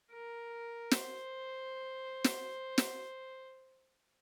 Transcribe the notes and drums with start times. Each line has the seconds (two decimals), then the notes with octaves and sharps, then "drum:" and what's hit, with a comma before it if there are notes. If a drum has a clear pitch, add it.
0.11 A#4
0.91 C5, drum: snare
2.24 drum: snare
2.78 drum: snare